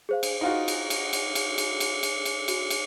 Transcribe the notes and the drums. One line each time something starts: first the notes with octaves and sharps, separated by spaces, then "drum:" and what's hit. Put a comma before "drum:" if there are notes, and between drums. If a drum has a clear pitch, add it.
G#4 C5 F5
drum: cymbal
D#4 F4 F#4
drum: cymbal
drum: cymbal
drum: cymbal
drum: cymbal
drum: cymbal
drum: cymbal
drum: cymbal
drum: cymbal
F#4, drum: cymbal
drum: cymbal